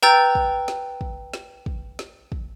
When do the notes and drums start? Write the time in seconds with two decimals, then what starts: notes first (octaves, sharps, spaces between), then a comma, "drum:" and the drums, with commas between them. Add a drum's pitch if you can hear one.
0.03 B4 G5 A#5 E6 G6 A6, drum: snare
0.35 drum: kick
0.68 drum: snare
1.01 drum: kick
1.34 drum: snare
1.66 drum: kick
1.99 drum: snare
2.32 drum: kick